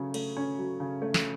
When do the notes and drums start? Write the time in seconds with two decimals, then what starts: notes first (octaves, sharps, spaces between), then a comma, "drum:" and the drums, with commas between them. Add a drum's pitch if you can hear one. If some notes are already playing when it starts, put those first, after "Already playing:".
Already playing: C#3 F#3 A3 C#4
0.14 A3, drum: cymbal
0.37 C#4
0.58 F#3
0.80 C#3
1.02 A3
1.14 drum: snare